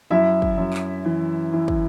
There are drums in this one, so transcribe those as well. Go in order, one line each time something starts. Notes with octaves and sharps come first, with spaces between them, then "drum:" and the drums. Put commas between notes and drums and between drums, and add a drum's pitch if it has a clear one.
F#2 E4 E5
drum: kick
F#2
drum: clap
E3
E3
drum: kick